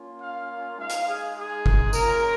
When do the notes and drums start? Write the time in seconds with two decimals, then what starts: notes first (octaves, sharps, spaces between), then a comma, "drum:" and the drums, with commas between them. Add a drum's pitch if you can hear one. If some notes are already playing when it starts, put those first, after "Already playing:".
Already playing: A#3 C#4 F4
0.20 F5
0.78 G#3 D#4 F5
0.90 drum: hi-hat
1.07 G#4
1.36 G#4
1.66 drum: kick G1
1.93 A#3 C#4 F4 A#4, drum: tambourine